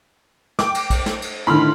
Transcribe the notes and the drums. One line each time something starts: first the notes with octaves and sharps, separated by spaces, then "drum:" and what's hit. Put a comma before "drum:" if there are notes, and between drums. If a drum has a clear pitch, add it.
G5 D6, drum: snare
drum: cymbal
drum: kick A#1, cymbal
drum: snare
drum: cymbal
A2 D3 D#3 B5 C6 F6